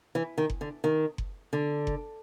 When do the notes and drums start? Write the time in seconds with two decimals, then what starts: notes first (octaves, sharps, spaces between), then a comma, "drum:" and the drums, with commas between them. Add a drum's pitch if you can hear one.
0.15 E3
0.38 D#3
0.50 drum: kick F#1
0.61 D3
0.84 D#3
1.18 drum: kick F#1
1.53 D3
1.87 drum: kick F#1